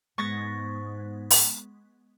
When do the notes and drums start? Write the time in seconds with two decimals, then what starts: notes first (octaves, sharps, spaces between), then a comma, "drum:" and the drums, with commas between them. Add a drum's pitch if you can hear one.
0.18 G#2 G#3 B3 C#6 A6 A#6
1.30 drum: open hi-hat